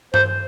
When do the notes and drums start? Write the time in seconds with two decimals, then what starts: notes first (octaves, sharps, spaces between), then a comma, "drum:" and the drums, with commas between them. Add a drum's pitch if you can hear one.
0.14 C5, drum: tom G2